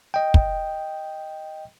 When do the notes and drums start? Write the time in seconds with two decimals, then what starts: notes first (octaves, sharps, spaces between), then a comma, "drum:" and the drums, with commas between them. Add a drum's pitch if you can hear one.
0.14 D#5 G5
0.34 drum: kick